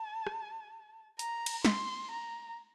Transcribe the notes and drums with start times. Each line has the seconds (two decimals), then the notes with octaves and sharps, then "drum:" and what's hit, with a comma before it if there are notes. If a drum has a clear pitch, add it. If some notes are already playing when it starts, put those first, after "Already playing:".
Already playing: A5
0.27 drum: rim click
1.19 A#5, drum: hi-hat
1.46 drum: cymbal
1.65 C6, drum: snare
2.11 A#5